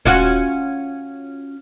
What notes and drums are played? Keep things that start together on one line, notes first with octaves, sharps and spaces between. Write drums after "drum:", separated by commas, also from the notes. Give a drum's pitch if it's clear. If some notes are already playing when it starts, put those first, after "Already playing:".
C#4 F4 F#4, drum: kick D#1
drum: hi-hat